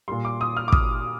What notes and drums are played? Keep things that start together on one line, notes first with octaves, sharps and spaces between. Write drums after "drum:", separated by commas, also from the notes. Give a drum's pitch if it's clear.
A#2 G3 C6
D6
D#6
F6
D6
D#6, drum: kick